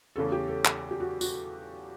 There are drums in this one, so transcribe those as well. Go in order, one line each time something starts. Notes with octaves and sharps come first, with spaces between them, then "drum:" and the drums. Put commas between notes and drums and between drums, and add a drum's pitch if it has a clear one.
E2 C#3 E3 A3 C#4 A4
G4
A4
drum: clap
G4
F#4
F#4, drum: tambourine